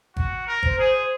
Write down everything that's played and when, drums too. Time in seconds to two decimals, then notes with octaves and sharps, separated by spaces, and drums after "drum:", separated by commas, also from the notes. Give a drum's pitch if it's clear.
0.17 F#4, drum: kick G#1
0.47 A#4
0.63 C5, drum: kick G#1
0.79 G#4